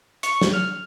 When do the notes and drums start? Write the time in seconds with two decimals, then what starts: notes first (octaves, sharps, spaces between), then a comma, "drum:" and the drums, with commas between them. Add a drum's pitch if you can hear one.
0.23 C#6, drum: hi-hat
0.42 drum: snare
0.53 F6